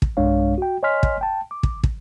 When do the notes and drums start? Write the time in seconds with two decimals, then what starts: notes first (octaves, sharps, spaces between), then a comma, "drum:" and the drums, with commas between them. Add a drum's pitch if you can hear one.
0.02 drum: kick
0.17 B1 G2 G#3 D4 C#5 F5
0.58 F#4 G5
0.83 C#5 D#5 G#5 C6 F6 B6
1.03 drum: kick
1.21 G5 A5
1.51 D6
1.63 drum: kick
1.84 drum: kick